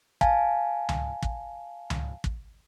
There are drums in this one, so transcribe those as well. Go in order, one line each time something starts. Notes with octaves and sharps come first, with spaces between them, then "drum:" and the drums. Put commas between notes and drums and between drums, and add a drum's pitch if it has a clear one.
F5 G#5 A5, drum: kick
drum: tom C#2
drum: kick
drum: tom C#2
drum: kick